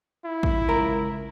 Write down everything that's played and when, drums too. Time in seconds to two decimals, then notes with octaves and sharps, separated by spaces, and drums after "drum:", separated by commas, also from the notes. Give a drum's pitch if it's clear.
0.24 E4
0.43 drum: kick A1
0.68 C#2 A#4